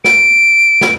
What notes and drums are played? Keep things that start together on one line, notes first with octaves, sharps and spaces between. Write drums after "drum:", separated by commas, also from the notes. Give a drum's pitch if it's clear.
D7, drum: snare
drum: snare